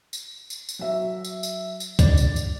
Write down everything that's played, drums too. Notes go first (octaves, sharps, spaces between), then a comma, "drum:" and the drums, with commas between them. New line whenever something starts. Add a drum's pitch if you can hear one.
drum: tambourine
drum: tambourine
drum: tambourine
F#3 E5
drum: tambourine
drum: tambourine
drum: tambourine
G2 D5 A6 F7, drum: kick C#2, tambourine
drum: tambourine
drum: tambourine